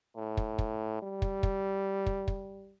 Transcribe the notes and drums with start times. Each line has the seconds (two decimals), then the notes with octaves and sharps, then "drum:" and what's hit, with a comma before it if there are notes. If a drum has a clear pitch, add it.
0.16 A2
0.37 drum: kick
0.58 drum: kick
1.02 G3
1.22 drum: kick
1.43 drum: kick
2.06 drum: kick
2.28 drum: kick